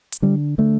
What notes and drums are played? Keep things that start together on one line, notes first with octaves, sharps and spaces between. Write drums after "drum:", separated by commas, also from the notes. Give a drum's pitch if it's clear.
drum: hi-hat
D3 G3
D3 A3